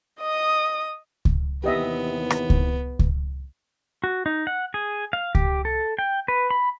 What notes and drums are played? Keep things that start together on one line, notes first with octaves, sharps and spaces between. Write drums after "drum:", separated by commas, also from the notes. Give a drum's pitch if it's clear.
D#5 D#6
drum: kick C#2
D#2 C3 E3 B3 G4 D#5 E5
drum: rim click
drum: kick C#2
drum: kick C#2
F#4
D#4
F#5
G#4
F5
G4, drum: kick C#2
A4
G5
B4
B5